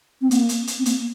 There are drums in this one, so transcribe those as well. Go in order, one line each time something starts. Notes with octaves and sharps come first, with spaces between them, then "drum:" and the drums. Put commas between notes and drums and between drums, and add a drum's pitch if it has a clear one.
C4
A#3, drum: hi-hat
drum: hi-hat
drum: hi-hat
C4
A#3, drum: hi-hat